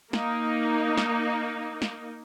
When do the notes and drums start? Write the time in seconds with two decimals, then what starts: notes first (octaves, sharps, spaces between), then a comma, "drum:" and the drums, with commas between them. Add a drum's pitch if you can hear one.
0.13 A#3 D#4, drum: snare
0.98 drum: snare
1.82 drum: snare